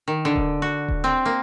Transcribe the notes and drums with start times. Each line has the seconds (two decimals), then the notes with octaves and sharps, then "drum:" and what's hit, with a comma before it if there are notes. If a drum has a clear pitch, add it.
0.08 D#3
0.25 D3
0.36 drum: kick D#1
0.62 F#4
0.88 drum: kick D#1
1.04 C4
1.25 A#3